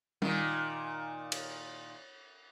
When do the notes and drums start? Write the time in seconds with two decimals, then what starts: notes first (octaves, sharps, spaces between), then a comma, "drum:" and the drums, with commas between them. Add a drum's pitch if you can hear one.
0.22 A#2 D#3, drum: tom G3
1.32 drum: cymbal